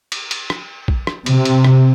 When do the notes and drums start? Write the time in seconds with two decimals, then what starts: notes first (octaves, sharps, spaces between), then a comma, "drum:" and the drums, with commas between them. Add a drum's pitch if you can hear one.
0.12 drum: cymbal
0.31 drum: cymbal
0.50 drum: rim click
0.88 drum: kick
1.07 drum: rim click
1.26 C3, drum: cymbal
1.45 drum: cymbal
1.64 drum: rim click